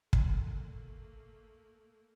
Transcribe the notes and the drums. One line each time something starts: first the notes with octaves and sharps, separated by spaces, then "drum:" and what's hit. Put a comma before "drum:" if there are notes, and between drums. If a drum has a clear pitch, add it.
A3 A#3, drum: kick